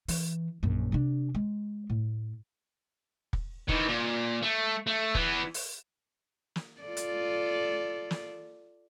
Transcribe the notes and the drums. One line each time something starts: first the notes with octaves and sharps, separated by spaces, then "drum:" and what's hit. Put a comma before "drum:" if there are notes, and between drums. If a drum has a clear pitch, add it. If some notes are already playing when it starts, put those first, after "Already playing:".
E3, drum: open hi-hat
A#1 F#2
C3 D4
G#3
A2
drum: kick
D#3 E3, drum: kick
A#2
A3
A3
E3 B3, drum: kick
drum: open hi-hat
drum: snare
F4 A4 D5
drum: hi-hat
drum: snare